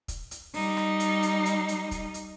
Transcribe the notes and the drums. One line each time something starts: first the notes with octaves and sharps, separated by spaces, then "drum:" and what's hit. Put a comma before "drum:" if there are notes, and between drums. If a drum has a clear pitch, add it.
drum: kick, hi-hat
drum: hi-hat
G3 D#4, drum: open hi-hat
drum: rim click
drum: hi-hat
drum: hi-hat
drum: hi-hat
drum: hi-hat
drum: kick, hi-hat
drum: hi-hat